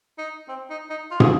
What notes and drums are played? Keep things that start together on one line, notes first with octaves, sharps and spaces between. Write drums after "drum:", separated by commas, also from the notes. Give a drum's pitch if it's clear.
D#4
C4
D#4
D#4
F4
G#4, drum: tom